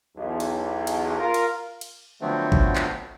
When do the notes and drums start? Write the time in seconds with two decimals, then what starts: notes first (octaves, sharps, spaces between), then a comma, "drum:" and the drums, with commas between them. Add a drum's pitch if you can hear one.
0.17 B1 E2
0.40 drum: cymbal
0.87 drum: cymbal
1.17 F4 A#4
1.34 drum: cymbal
1.81 drum: cymbal
2.21 D3 F3 F#3 A3 B3 C4
2.52 drum: kick G#1
2.76 drum: clap